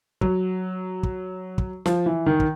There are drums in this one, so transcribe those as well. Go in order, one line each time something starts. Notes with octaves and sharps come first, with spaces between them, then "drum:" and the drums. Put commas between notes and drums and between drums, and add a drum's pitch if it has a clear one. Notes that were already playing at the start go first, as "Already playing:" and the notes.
F#3, drum: kick
drum: kick
drum: kick
F3, drum: snare
E3
D#3
drum: kick